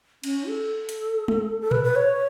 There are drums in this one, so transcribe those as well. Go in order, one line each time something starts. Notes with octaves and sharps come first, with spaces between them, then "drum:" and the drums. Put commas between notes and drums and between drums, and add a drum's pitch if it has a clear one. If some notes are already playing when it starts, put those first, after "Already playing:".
C#4, drum: cymbal
A4
drum: hi-hat
drum: tom
A4
B4, drum: tom A#2
B4
C#5